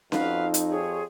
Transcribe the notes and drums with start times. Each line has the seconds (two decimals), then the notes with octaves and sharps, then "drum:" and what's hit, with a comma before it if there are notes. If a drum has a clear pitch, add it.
0.12 F2 D#4 F#4 B4 F5, drum: snare C#4
0.54 drum: hi-hat
0.71 G4 G#4 C5 C#5